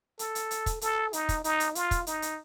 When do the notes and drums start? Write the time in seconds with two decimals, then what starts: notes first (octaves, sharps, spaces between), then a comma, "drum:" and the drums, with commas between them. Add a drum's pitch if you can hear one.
0.19 A4, drum: hi-hat
0.35 drum: hi-hat
0.51 drum: hi-hat
0.66 drum: kick, hi-hat
0.81 A4, drum: hi-hat
1.13 D#4, drum: hi-hat
1.29 drum: kick, hi-hat
1.44 D#4, drum: hi-hat
1.60 drum: hi-hat
1.75 F4, drum: hi-hat
1.91 drum: kick, hi-hat
2.07 D#4, drum: hi-hat
2.22 drum: hi-hat